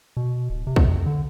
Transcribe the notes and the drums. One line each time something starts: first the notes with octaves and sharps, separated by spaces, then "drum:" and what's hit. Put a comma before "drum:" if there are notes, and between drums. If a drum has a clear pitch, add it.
B2
D1
C3
drum: kick
F2
D3